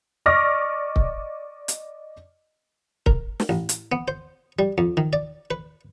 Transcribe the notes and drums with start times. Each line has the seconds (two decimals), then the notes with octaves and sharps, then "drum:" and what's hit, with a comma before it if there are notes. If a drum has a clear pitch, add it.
0.26 D5 D#5 C#6 D6 F6 A#6
0.96 drum: kick C#1
1.68 drum: hi-hat
3.06 A#4, drum: kick C#1
3.40 drum: snare
3.49 A1
3.69 drum: hi-hat
3.92 B3
4.08 C5
4.59 G3
4.78 F2
4.97 D#3
5.13 D5
5.51 B4